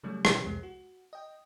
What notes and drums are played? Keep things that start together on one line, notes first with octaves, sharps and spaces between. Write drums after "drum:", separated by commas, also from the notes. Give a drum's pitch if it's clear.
C#3 F#3 G3 A3 C#4
B2 E3 B3 C#4 G4, drum: rim click
C2 F2 C3 G#3 C7
F#4
D#5 G5